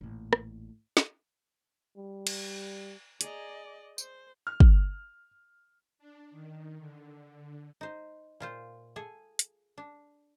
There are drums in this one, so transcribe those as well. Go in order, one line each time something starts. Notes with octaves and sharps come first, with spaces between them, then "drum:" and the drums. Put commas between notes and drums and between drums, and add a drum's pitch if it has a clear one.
A1 A#2
drum: rim click
drum: snare
G3
drum: cymbal
G#4 D5 D#5 A#5, drum: hi-hat
C5, drum: tambourine
F6
drum: kick
D4
D#3
D3
D#4 C5
A#2 F4 C5
G#4 A4
drum: hi-hat
D4